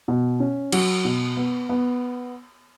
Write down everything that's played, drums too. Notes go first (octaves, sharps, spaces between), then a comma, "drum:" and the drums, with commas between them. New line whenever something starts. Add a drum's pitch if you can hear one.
B2
C#4
F#3, drum: cymbal
B2
B3
B3